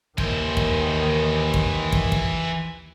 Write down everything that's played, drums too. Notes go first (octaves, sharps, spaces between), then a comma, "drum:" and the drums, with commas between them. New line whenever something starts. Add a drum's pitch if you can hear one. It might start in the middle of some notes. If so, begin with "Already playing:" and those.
D#2 D#3 E3 C5, drum: kick
drum: kick
drum: kick
drum: kick
drum: kick